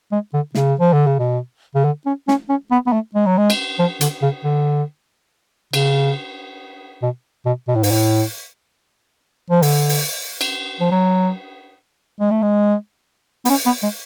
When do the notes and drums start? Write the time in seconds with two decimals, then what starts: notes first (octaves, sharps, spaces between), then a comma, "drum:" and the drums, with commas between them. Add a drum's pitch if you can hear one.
0.12 G#3
0.34 D3
0.55 C#3, drum: snare
0.80 F3
0.93 D3
1.07 C#3
1.19 B2
1.75 C#3
1.85 D3
2.06 C#4
2.28 C#4, drum: snare
2.49 C#4
2.71 B3
2.87 B3
2.93 A3
3.15 G#3
3.26 F#3
3.38 G#3
3.50 drum: cymbal
3.79 F3
4.01 D3, drum: hi-hat
4.22 C#3
4.44 D3
5.73 C#3, drum: cymbal
7.03 B2
7.46 B2
7.68 B2
7.75 A2
7.83 G#2, drum: open hi-hat
7.91 A2
9.50 F3
9.62 D3, drum: open hi-hat
9.89 drum: open hi-hat
10.41 drum: cymbal
10.80 F3
10.91 F#3
12.20 G#3
12.31 A3
12.42 G#3
13.45 B3, drum: open hi-hat
13.50 C#4
13.66 B3
13.83 G#3